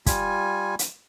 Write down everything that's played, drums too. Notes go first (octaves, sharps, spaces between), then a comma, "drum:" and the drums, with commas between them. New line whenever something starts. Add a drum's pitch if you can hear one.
G3 F4 G#5, drum: kick, hi-hat
drum: hi-hat